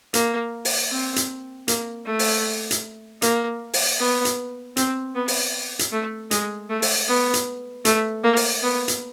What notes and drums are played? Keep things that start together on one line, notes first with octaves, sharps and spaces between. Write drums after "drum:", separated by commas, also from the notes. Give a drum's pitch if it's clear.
A#3, drum: hi-hat
drum: open hi-hat
C4
drum: hi-hat
A#3, drum: hi-hat
A3
drum: open hi-hat
drum: hi-hat
A#3, drum: hi-hat
drum: open hi-hat
B3
drum: hi-hat
C4, drum: hi-hat
B3
drum: open hi-hat
drum: hi-hat
A3
G#3, drum: hi-hat
A3
drum: open hi-hat
B3
drum: hi-hat
A3, drum: hi-hat
A#3
drum: open hi-hat
B3
drum: hi-hat